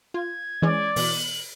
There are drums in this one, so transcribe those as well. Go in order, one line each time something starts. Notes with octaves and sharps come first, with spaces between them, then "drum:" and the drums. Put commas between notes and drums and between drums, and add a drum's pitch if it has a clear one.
F4 G#6
E3 G#3 C#4 D5
B2 E3 F#7, drum: open hi-hat